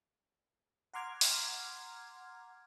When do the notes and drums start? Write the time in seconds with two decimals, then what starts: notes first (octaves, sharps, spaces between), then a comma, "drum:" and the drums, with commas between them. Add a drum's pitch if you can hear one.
0.94 F#5 A#5 C6 D6 F6 G#6
1.21 drum: open hi-hat